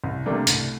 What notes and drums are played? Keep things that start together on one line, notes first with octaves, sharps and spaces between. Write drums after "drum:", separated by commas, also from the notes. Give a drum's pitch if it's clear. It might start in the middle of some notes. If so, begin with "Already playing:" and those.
C2
C3 G3 A3 A#3 D4
C2, drum: hi-hat